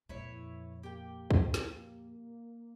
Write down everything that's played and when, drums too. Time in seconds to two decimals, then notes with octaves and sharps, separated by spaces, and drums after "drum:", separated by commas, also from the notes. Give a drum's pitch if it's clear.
0.09 F2 A#2 E4 B4 C#5
0.83 A#3 G4 G5
1.31 drum: kick
1.54 drum: snare